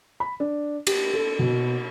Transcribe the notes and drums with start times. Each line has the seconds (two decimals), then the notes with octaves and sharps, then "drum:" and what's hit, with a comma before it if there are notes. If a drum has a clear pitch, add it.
0.20 B5
0.40 D4
0.87 G4, drum: cymbal
1.14 A4
1.39 B2